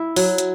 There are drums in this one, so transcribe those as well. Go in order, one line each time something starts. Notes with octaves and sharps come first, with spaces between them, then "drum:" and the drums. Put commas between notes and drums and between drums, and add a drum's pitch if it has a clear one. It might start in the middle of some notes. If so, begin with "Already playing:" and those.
Already playing: E4
F#3, drum: open hi-hat
drum: hi-hat